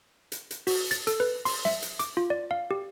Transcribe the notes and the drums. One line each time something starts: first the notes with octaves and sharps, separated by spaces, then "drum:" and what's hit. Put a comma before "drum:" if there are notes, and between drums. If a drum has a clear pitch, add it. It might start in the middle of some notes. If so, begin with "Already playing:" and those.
drum: hi-hat
drum: hi-hat
F#4, drum: open hi-hat
A6, drum: hi-hat
A4, drum: hi-hat
B4
C6, drum: open hi-hat
E5, drum: snare
drum: hi-hat
D6, drum: hi-hat
F4
D5
F5
G4